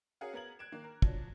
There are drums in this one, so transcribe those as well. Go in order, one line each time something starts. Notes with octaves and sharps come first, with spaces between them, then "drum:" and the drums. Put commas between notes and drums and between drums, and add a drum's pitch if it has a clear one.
C#4 F#4 G#4 A#4 F5 F#5
B3 A#4 G#6 F#7
F#6 G#6 D7 E7
D#3 A#3
A#4
F3 F#3 D4, drum: kick